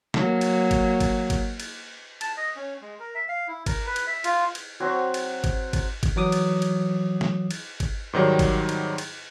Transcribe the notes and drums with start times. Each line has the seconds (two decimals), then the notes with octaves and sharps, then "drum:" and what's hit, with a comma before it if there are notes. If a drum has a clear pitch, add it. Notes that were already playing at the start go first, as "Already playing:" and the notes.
0.14 F#3 A#3, drum: snare
0.41 drum: cymbal
0.71 drum: kick G#1, cymbal
1.00 drum: kick G#1, cymbal
1.30 drum: kick G#1, cymbal
1.60 drum: cymbal
2.21 A5, drum: cymbal
2.37 D#5
2.56 C#4
2.82 G#3
3.00 A#4
3.15 E5
3.28 F5
3.48 E4
3.66 A#4, drum: kick G#1, cymbal
3.86 B4
3.96 drum: cymbal
4.07 E5
4.24 F4, drum: cymbal
4.55 drum: cymbal
4.80 F#3 C4 F#4 C#5
5.14 drum: cymbal
5.44 drum: kick G#1, cymbal
5.73 drum: kick G#1, cymbal
6.03 drum: kick G#1, cymbal
6.16 E3 F#3 D6 D#6
6.32 drum: cymbal
6.62 drum: cymbal
7.21 drum: snare
7.51 drum: cymbal
7.80 drum: kick G#1, cymbal
8.13 G#2 D#3 F#3 G3
8.39 drum: kick G#1, cymbal
8.69 drum: cymbal
8.98 drum: cymbal